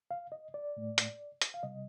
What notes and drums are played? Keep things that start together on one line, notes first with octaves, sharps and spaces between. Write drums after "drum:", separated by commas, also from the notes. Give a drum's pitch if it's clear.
F5
D#5
D5
A2 A3
drum: hi-hat
drum: hi-hat
F5
C3 G3 D#5